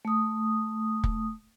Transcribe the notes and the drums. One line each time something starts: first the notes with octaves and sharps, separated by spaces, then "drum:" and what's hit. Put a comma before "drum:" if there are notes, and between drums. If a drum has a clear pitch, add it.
A3 D#6
drum: kick